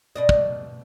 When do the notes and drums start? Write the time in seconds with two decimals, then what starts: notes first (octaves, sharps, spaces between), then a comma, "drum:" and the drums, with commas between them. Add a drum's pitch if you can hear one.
0.16 B2 D5 D#5
0.29 drum: kick